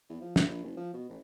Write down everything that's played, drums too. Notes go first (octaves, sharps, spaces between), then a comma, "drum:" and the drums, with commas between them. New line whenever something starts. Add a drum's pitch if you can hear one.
E2
F3
D2, drum: snare
A#1
F#1
F3
B2
A1